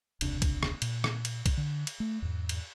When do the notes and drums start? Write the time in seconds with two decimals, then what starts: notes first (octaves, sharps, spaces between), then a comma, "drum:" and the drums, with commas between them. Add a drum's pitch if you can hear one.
0.21 E1 C#2 C3 D4, drum: cymbal
0.42 drum: kick B1, cymbal
0.63 drum: rim click
0.82 A#2, drum: cymbal
1.04 drum: rim click
1.25 drum: cymbal
1.46 drum: kick B1, cymbal
1.57 D3
1.87 drum: cymbal
2.00 A3
2.22 E2 G#2
2.49 drum: cymbal